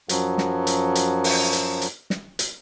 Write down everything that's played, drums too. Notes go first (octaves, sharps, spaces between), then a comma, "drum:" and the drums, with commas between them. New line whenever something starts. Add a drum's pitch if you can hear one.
F#2 F3 F#3, drum: hi-hat
drum: snare
drum: hi-hat
drum: hi-hat
drum: open hi-hat
drum: hi-hat
drum: hi-hat
drum: snare
drum: hi-hat